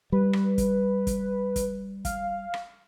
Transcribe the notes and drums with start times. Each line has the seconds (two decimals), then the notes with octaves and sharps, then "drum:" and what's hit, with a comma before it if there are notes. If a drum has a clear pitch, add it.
0.12 G3 B4
0.33 drum: rim click
0.58 drum: kick, hi-hat
1.07 drum: kick, hi-hat
1.56 drum: kick, hi-hat
2.05 F5, drum: kick, hi-hat
2.54 drum: rim click